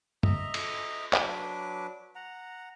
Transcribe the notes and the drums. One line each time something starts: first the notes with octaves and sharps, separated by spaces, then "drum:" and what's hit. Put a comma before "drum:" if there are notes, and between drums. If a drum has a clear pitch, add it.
D#5 E5 A#5, drum: tom
drum: cymbal
F#3 D4 B4 D6, drum: clap
F#5 A#5